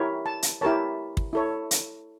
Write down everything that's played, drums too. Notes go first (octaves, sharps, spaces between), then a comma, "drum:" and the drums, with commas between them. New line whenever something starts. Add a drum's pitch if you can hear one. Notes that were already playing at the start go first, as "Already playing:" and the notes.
Already playing: E4 G4 A#4 C#5
A5
drum: hi-hat
E4 G4 A#4 C#5 A5
drum: kick
E4 A4 C#5
drum: hi-hat